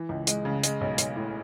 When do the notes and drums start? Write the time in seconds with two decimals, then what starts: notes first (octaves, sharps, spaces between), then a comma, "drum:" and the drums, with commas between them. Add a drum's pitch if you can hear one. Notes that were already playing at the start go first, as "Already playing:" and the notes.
Already playing: E3
0.09 C#2
0.27 G#3, drum: hi-hat
0.45 C#3
0.64 G#3, drum: hi-hat
0.81 B1
0.98 B1, drum: hi-hat
1.16 A2